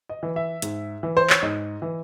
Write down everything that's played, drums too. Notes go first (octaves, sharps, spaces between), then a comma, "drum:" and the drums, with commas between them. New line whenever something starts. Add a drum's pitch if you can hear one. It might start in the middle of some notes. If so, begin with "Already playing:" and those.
D#5
E3
E5
G#2, drum: hi-hat
E3
C5
C#5, drum: clap
G#2 D#5
E3